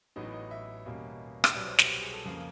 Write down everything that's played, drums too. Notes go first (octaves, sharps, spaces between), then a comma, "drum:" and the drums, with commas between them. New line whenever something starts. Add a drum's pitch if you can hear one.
A1 A2 F#3 B3 D#4 D#5
D#5
E5
E2 B2 G3 A#3 C#4 D#5
drum: rim click
C2 B2 F#3 B3 D5
C5
G4, drum: snare
G4
G#4
A4
F2 C#3 F3 A#3 G#4